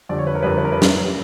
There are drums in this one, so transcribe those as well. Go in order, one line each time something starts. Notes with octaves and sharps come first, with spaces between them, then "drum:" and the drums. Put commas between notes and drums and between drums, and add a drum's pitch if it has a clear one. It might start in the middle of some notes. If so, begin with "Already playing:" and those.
F2 D3 G3 D5
C#5
B4
A#4
F2 D3 G3 B4
A#4
B4
A#4
B4
drum: snare